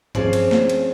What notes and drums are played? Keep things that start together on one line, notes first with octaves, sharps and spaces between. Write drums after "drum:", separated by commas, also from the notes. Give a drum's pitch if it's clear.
F3 C4 C#4 G#4 D5, drum: tom G2
drum: cymbal
drum: snare
drum: cymbal